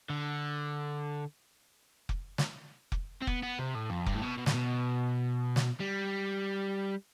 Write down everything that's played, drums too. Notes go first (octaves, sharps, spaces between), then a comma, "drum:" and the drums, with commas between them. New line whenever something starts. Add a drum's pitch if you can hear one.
D3
drum: kick F1
drum: snare
drum: kick F1
C4
B3, drum: kick F1
B3
C3
A2
F2
G2, drum: kick F1
A2
B2
B2
A2, drum: snare
B2
drum: snare
G3